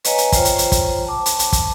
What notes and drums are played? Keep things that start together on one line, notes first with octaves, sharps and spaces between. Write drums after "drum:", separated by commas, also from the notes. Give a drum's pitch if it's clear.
B4 C#5 D#5 F5 G#5 A#5, drum: hi-hat
drum: hi-hat
F4 C5 C#5 G5 A#5, drum: kick, hi-hat
drum: hi-hat
drum: hi-hat
drum: kick, hi-hat
A5 D6
drum: hi-hat
drum: hi-hat
drum: kick, hi-hat